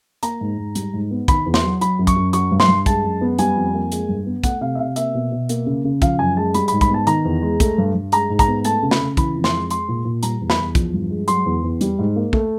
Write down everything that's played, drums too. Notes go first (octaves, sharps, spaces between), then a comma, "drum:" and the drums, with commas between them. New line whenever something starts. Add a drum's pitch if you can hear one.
A#3 A#5, drum: hi-hat
G#2
G#2
G3, drum: hi-hat
G#2
B3
D#3 B5, drum: kick, hi-hat
E2
C6, drum: snare
F#3
F#3 B5, drum: hi-hat
F#2
C#6, drum: kick, hi-hat
F#2
F#3 C#6, drum: hi-hat
G2
C6, drum: snare
G2
G#3 A5, drum: kick, hi-hat
F#2
B3
G3 G#5, drum: hi-hat
F2
A#3
G#3, drum: hi-hat
G2
B3
A3 F#5, drum: kick, hi-hat
C3 F5
E5
C3 F5
A#3 E5, drum: hi-hat
B2
B2
A#3, drum: hi-hat
C#3
C#3
F3 F5, drum: kick, hi-hat
F#2 G#5
G#3 A5
G3 B5, drum: hi-hat
G#2 B5, drum: hi-hat
B5, drum: kick, hi-hat
B3 A5
D#3 A#5, drum: hi-hat
E2
G#3
A3, drum: kick, hi-hat
G2
G2
G#3 A#5, drum: hi-hat
G#2
A#5, drum: kick, hi-hat
B3
A3 A5, drum: hi-hat
C#3
B5, drum: snare
C#3
E3 B5, drum: kick, hi-hat
F2
C6, drum: snare
G#3
G#3 C6, drum: hi-hat
A#2
A#2
G3 A#5, drum: hi-hat
E2
B5, drum: snare
E2
F3, drum: kick, hi-hat
G2
G#3
F#3 C6, drum: hi-hat
E2
E2
G3, drum: hi-hat
G#2
A#3
A3, drum: kick